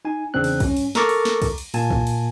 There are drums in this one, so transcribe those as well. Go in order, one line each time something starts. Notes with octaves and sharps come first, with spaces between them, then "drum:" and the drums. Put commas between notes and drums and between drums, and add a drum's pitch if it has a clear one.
D#4 G#5
E2 C#3 C4 D4 F#6
drum: cymbal
G2 C#4, drum: kick, cymbal
drum: cymbal
A4 A#4 A#5 C#6 D6 A6, drum: snare
drum: cymbal
drum: snare
drum: kick, cymbal
drum: cymbal
A#2 A#3 G#5 A5, drum: cymbal
drum: kick
drum: cymbal